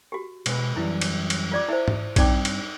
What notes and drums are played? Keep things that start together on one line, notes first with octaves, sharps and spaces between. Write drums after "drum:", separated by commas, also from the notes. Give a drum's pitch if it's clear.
F#4 G4
B2 G#3 B4, drum: cymbal
F#2 E3 G3 E4
drum: cymbal
drum: cymbal
F4 D5 D6
E4 C5 E5
drum: tom
G2 C4 D#4 D5 G5 D6, drum: kick A#1, cymbal
drum: cymbal